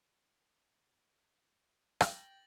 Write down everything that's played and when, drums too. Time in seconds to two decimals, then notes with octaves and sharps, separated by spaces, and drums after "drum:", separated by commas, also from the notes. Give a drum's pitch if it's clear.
2.01 G5 A6 A#6 F#7, drum: rim click